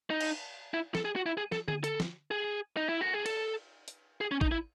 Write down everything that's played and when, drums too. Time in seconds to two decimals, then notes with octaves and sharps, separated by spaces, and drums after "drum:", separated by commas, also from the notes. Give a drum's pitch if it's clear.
0.10 D#4
0.21 drum: cymbal
0.74 E4
0.95 A4, drum: snare
1.05 G#4
1.16 F#4
1.26 E4
1.37 G#4
1.52 A4, drum: snare
1.68 G#4, drum: tom D3
1.84 A4, drum: hi-hat
2.00 drum: snare
2.31 G#4
2.77 D#4
2.89 E4
3.01 F#4
3.14 G#4
3.26 A4, drum: cymbal
3.88 drum: hi-hat
4.21 G#4
4.31 C#4
4.41 D#4, drum: kick
4.51 E4